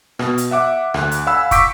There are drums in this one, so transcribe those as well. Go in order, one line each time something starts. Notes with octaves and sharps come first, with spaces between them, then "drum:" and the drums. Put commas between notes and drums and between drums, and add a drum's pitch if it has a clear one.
B2, drum: rim click
drum: hi-hat
E5 F#5 D6
D2 F#6, drum: rim click
drum: hi-hat
F5 F#5 G#5 B5 E6
C#6 D6 E6 G6 B6 D7, drum: kick, hi-hat